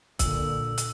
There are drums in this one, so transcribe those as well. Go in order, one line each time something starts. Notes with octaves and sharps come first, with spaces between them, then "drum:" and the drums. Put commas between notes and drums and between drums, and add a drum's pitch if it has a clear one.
A#2 D3 E6, drum: kick, hi-hat
drum: hi-hat